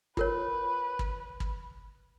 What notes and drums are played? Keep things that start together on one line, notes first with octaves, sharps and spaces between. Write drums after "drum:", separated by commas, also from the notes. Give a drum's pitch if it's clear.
F4 A#4 B4 C#5, drum: kick
drum: kick
drum: kick